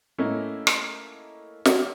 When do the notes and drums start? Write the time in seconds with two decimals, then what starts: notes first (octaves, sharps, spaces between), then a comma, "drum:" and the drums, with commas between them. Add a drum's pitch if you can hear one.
0.18 A3 A#3 C#4 D#4 E4
0.67 drum: rim click
1.65 drum: snare